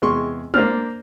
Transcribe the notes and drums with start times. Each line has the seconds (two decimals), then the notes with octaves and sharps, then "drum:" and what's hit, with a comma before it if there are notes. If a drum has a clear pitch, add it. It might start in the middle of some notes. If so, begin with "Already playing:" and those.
0.02 E2 C3 G#3 C6 C#6
0.54 A#3 D4 C5 D5 F6, drum: tom G#3